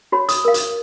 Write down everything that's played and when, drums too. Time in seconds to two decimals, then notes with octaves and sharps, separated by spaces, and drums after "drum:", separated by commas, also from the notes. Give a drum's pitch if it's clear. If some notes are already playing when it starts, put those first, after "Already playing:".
0.12 F#4 C#5 B5
0.29 D#6, drum: hi-hat
0.45 A#4 F5
0.54 drum: hi-hat